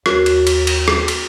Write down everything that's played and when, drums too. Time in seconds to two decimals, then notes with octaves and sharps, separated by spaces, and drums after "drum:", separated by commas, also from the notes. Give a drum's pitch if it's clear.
0.06 D#2 F#4 A#4 C#5, drum: rim click
0.26 drum: cymbal
0.47 drum: cymbal
0.67 drum: cymbal
0.88 drum: rim click
1.08 drum: cymbal